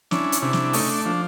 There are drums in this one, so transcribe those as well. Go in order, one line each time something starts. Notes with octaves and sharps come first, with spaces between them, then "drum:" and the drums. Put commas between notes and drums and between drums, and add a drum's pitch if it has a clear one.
C#4 D4 E4, drum: snare
drum: hi-hat
C3 D4 E4
drum: snare
A3 C#4 D#4, drum: open hi-hat
D4
F3 D4